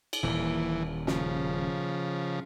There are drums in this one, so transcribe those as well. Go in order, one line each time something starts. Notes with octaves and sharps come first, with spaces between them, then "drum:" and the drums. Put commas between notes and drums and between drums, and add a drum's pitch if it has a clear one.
drum: cymbal
D#1 A#2 E3
C#3 F3, drum: snare